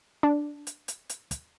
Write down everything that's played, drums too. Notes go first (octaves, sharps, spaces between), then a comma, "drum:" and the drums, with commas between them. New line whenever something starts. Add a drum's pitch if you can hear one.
D4
drum: hi-hat
drum: hi-hat
drum: hi-hat
drum: kick, hi-hat